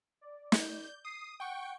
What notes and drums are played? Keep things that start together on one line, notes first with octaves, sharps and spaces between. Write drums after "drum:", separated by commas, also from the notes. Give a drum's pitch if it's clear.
D5
G6, drum: snare
D#6 C7
F#5 G5 C#6